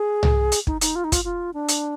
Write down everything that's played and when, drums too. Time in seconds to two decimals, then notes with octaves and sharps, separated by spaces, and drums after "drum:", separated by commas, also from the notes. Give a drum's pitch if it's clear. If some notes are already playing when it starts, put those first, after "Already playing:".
Already playing: G#4
0.23 drum: tom C2
0.52 drum: hi-hat
0.67 D#4, drum: kick
0.81 D#4, drum: hi-hat
0.95 F4
1.04 D#4
1.12 F4, drum: kick, hi-hat
1.24 F4
1.54 D4
1.69 drum: hi-hat